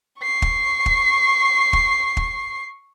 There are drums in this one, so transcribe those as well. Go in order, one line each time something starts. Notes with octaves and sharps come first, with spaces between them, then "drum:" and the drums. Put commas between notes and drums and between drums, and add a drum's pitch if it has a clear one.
C#6 C7
drum: kick
drum: kick
drum: kick
drum: kick